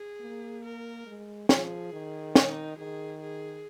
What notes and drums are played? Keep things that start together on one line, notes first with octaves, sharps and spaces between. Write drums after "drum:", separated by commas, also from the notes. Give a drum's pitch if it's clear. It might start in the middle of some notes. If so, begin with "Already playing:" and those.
Already playing: G#4
A#3
A#4
G#3
F3 G#4, drum: snare
D#3
D#4, drum: snare
D#3 G#4
G#4